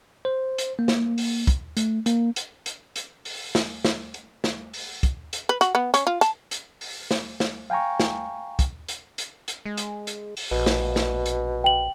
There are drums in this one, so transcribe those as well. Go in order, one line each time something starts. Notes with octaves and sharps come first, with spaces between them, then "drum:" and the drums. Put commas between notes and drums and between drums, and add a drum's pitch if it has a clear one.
C5
drum: hi-hat
A#3
drum: snare
drum: open hi-hat
drum: kick, hi-hat
A3, drum: hi-hat
A#3, drum: hi-hat
drum: hi-hat
drum: hi-hat
drum: hi-hat
drum: open hi-hat
drum: snare
drum: snare
drum: hi-hat
drum: snare
drum: open hi-hat
drum: kick, hi-hat
drum: hi-hat
B4
F#4, drum: hi-hat
B3
C#4, drum: hi-hat
F4
A5, drum: hi-hat
drum: hi-hat
drum: open hi-hat
drum: snare
drum: snare
F5 G5 G#5 A#5 C#6
drum: snare
drum: kick, hi-hat
drum: hi-hat
drum: hi-hat
drum: hi-hat
G#3
drum: hi-hat
drum: hi-hat
drum: open hi-hat
A#1 B2
drum: snare
drum: snare
drum: hi-hat
G5 F#7